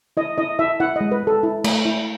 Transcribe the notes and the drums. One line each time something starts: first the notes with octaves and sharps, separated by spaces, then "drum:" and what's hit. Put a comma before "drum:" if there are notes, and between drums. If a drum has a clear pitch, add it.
E4 D#5
E4 D#5
E4 E5
E4 F#5
G#3 D#5
B4
G#3 A4
E4
A3, drum: cymbal
E4